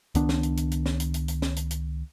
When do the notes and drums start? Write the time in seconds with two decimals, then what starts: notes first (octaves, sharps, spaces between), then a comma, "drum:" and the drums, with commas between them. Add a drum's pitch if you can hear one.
0.15 C#2 D#3 B3 D4, drum: hi-hat
0.29 drum: snare
0.43 drum: hi-hat
0.57 drum: hi-hat
0.71 drum: hi-hat
0.86 drum: snare
1.00 drum: hi-hat
1.14 drum: hi-hat
1.28 drum: hi-hat
1.42 drum: snare
1.56 drum: hi-hat
1.71 drum: hi-hat